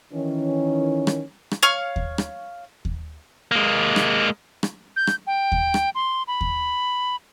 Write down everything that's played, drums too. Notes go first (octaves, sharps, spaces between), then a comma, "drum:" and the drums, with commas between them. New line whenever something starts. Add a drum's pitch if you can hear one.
D#3 E3 C#4
drum: rim click
drum: rim click
C#5 F5 C#6 F6
drum: kick D#2
drum: rim click
drum: kick D#2
G#3 A#3
drum: rim click
drum: rim click
G6
drum: rim click
G5
drum: kick D#2
drum: rim click
C6
B5
drum: kick D#2